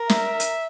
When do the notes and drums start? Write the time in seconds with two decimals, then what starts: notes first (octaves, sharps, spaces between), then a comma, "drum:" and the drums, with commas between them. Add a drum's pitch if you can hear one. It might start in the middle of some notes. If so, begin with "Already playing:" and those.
Already playing: A#4
0.10 E5, drum: snare
0.40 drum: hi-hat